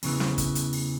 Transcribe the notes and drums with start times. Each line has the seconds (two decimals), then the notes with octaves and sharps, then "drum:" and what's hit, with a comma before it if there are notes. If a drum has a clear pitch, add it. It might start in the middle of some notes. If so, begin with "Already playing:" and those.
0.03 E2 C#3 E3, drum: open hi-hat
0.20 drum: snare
0.38 drum: kick, hi-hat
0.55 drum: hi-hat
0.73 drum: open hi-hat